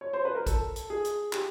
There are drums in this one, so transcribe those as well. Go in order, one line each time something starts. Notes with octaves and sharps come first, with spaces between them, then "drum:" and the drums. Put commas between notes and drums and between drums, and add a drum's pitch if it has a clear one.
C#5
C5
B4
A#4
A4, drum: kick, hi-hat
drum: hi-hat
G#4
drum: hi-hat
G4, drum: clap